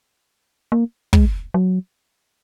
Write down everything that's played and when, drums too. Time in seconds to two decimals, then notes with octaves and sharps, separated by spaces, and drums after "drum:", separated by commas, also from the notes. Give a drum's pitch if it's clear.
0.72 A#3
1.13 G#3, drum: kick
1.54 F#3